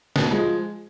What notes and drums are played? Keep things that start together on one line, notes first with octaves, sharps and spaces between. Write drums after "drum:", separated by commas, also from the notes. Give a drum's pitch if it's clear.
B2, drum: snare
F3 G#3